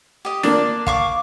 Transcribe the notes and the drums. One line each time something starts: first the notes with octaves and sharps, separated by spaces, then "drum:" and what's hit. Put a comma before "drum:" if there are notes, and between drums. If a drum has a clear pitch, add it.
G4 D#5
A#3 D4 D5, drum: snare
F5 C#6 D6, drum: kick